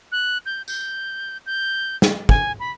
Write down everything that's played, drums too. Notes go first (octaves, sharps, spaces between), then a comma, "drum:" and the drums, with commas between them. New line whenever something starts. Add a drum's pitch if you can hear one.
F#6
G6
G6, drum: tambourine
G6
drum: snare
G#5, drum: kick
B5